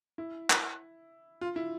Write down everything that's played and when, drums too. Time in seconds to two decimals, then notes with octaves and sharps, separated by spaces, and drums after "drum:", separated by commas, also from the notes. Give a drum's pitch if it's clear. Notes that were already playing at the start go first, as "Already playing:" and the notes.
0.18 E4
0.50 drum: clap
1.41 F4
1.56 E4